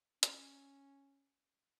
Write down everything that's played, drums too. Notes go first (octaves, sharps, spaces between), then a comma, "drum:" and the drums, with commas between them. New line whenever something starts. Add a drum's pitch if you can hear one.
C#4, drum: hi-hat